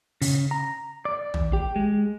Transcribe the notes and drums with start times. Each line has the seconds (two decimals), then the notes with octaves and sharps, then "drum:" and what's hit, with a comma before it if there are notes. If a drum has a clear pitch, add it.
0.22 C#3, drum: open hi-hat
0.51 A#5
1.05 D5
1.34 drum: tom
1.53 G4
1.76 G#3